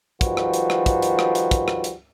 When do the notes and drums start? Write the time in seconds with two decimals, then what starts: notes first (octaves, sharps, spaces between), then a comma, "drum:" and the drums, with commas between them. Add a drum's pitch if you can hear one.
0.21 D#3 F3 G3 F#4 B4, drum: kick, hi-hat
0.37 drum: rim click
0.54 drum: hi-hat
0.70 drum: rim click
0.86 drum: kick, hi-hat
1.02 drum: hi-hat
1.19 drum: rim click
1.35 drum: hi-hat
1.51 drum: kick, hi-hat
1.68 drum: rim click
1.84 drum: hi-hat